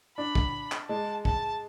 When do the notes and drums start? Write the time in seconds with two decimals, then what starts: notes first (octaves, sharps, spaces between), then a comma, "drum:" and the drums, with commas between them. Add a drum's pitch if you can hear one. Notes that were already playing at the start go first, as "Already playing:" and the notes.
0.17 D4 B5
0.35 drum: kick
0.72 drum: clap
0.89 G#3 A5
1.25 A5, drum: kick